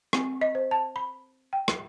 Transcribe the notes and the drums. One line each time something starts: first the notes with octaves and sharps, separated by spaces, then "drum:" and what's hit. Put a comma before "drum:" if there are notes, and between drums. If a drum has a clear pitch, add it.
C4, drum: rim click
D#5
C5
A5
B5
G5
drum: rim click